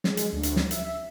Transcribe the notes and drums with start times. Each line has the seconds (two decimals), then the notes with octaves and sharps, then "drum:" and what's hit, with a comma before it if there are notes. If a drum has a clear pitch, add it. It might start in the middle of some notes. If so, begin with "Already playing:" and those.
0.04 G#3, drum: snare
0.17 drum: hi-hat
0.32 D2
0.43 drum: hi-hat
0.56 drum: snare
0.71 E5, drum: hi-hat